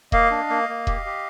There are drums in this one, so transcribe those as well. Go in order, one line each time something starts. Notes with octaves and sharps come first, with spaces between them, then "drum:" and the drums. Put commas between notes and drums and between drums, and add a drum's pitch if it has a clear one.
A#3 D#5 F5, drum: kick E1
D4
A#3
A#3
G4, drum: kick E1
G4